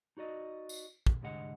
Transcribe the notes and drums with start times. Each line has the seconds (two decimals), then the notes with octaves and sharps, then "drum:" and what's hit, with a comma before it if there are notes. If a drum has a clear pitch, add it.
0.17 D#4 F#4 D5 D#5
0.69 drum: tambourine
1.06 drum: kick
1.22 C2 G#2 D3 G#3 D#5 F#5